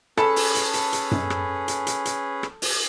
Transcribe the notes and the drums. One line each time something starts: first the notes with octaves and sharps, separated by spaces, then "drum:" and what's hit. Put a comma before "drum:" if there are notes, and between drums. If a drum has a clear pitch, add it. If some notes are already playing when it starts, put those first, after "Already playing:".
C#4 G#4 A4 B4 A5 B5, drum: rim click
drum: open hi-hat
drum: hi-hat
drum: hi-hat
drum: hi-hat
drum: tom F#2
drum: rim click
drum: hi-hat
drum: hi-hat
drum: hi-hat
drum: rim click
drum: open hi-hat